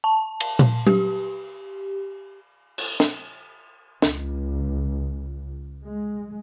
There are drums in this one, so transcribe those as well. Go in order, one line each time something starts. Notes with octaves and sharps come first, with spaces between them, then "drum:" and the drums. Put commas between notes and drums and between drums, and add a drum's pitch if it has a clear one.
A5
drum: cymbal
drum: tom A#2
G4, drum: tom F#3
drum: cymbal
drum: snare
C#2, drum: snare
G#3